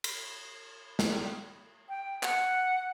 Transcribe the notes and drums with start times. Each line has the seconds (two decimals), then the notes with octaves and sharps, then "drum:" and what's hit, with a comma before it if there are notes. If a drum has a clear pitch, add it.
0.04 drum: cymbal
0.99 drum: snare
1.89 G5
2.23 F#5, drum: clap